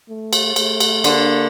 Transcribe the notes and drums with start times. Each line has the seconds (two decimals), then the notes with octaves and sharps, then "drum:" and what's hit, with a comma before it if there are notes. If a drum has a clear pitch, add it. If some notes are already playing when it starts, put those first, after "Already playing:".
0.09 A3
0.33 drum: cymbal
0.56 A3, drum: cymbal
0.80 drum: cymbal
1.04 D3 A#3, drum: cymbal